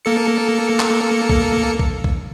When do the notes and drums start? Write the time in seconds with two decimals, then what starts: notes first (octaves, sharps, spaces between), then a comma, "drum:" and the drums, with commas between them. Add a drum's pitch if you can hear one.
0.05 A#3 A4 C#7
0.80 drum: clap
1.29 drum: kick B1
1.79 drum: kick B1
2.04 drum: kick B1